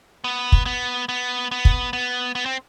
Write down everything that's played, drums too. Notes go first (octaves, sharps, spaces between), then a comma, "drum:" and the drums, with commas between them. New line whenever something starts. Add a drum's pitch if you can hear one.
B3
drum: kick
B3
B3
B3
drum: kick
B3
B3
C4